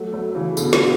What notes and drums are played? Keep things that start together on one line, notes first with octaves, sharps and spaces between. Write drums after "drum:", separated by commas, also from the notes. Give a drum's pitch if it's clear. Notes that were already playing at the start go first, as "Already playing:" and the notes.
Already playing: F#3 A3
F#3 A3
C#3 E3
B2 D3, drum: tambourine
drum: snare